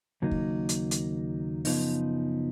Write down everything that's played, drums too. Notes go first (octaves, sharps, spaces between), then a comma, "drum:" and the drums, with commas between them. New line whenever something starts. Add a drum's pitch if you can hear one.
D#2 C#3 F#3 A#3 D#4
drum: kick
drum: hi-hat
drum: hi-hat
F#2 C#3 F3 B3 D#4, drum: open hi-hat